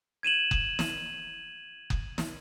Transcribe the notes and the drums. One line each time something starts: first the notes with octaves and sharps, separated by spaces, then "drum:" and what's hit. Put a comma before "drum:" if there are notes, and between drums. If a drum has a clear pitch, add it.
G#6 D#7 E7 F#7
drum: kick F#1
drum: snare
drum: kick F#1
drum: snare